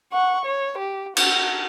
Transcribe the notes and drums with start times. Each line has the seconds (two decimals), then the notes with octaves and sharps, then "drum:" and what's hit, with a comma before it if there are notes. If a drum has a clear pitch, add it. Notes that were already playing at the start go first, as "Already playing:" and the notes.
0.13 F#5 C#6
0.46 C#5
0.78 G4
1.17 F#4, drum: cymbal